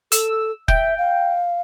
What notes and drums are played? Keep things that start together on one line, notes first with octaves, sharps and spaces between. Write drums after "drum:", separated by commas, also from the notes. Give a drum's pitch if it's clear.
A4 E6, drum: hi-hat
E5 G5, drum: kick
F5